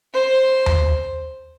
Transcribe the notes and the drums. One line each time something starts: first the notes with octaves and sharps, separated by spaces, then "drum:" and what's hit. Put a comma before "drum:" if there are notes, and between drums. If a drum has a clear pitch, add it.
C5
drum: tom D#2